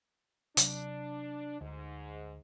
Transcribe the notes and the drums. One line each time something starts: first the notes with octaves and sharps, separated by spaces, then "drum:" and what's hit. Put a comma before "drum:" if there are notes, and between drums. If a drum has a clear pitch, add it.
C3 F#3 D4, drum: hi-hat
D2 G#2